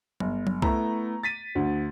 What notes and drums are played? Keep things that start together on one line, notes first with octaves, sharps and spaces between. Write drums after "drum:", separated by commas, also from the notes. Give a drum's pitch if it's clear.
G1, drum: tom F#3
drum: tom F#3
A3 B3 E4 A#5, drum: kick C2
A6 B6 D#7
D2